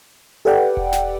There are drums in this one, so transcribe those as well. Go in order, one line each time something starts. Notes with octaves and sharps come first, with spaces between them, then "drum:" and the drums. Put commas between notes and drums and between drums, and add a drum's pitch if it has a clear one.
G4 A4 B4 D5 F#5 G5
drum: kick E1
drum: snare